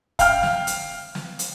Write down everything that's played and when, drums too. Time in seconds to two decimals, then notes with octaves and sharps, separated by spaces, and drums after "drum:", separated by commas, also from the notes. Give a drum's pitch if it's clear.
0.19 F5 G5 F6, drum: kick, hi-hat
0.43 drum: snare
0.67 drum: hi-hat
1.15 drum: snare
1.39 drum: hi-hat